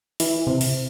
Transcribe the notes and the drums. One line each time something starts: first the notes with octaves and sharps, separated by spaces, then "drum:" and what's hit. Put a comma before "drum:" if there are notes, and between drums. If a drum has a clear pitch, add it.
E3, drum: open hi-hat
C3
drum: open hi-hat